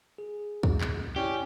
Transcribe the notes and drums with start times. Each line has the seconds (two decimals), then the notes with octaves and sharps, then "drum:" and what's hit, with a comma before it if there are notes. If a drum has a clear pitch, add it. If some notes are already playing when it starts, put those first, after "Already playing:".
0.18 G#4
0.63 drum: kick
0.81 drum: clap
1.16 C#4 E4 G4 D5